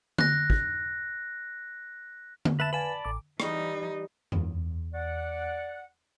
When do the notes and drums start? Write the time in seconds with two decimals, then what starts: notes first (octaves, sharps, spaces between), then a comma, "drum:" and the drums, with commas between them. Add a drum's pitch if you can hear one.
0.18 F#6 A#6, drum: tom D3
0.50 drum: kick
2.45 drum: tom D3
2.60 B4 E5 A5 B5
2.73 B4 D5 F5 G#5 A5 B5
3.05 A1 D6
3.40 E3 G3 D#4, drum: rim click
4.32 E2, drum: tom F#2
4.94 D5 F#5